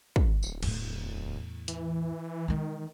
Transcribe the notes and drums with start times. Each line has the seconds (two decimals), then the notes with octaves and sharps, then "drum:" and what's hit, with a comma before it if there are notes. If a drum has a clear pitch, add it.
0.16 drum: kick
0.43 D1, drum: tambourine
0.63 E2 A2, drum: cymbal
1.68 E3, drum: hi-hat
2.48 D#3 E3 G#3